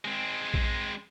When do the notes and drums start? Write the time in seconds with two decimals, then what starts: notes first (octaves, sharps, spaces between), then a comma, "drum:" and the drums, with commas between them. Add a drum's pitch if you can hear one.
0.05 G#3 C4
0.54 drum: kick A#1